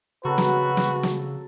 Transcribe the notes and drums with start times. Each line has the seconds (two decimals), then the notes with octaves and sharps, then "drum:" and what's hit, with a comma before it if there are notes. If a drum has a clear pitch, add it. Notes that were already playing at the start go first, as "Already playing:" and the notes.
0.25 C#3 F#3 C4 F#4 A4 B4
0.38 drum: snare
0.77 drum: snare
1.03 drum: snare